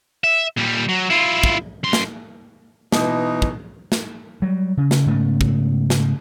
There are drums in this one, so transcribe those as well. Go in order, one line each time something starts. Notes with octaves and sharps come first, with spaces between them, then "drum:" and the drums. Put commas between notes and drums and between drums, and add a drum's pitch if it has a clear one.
E5
A#2 G3
F#3
E4 F4
drum: kick
F#2 C6
drum: snare
B2 E3 D#4, drum: snare
drum: kick
drum: snare
F#3 G3
C#3
drum: snare
G#2 C#3 A3 B3
drum: kick
drum: snare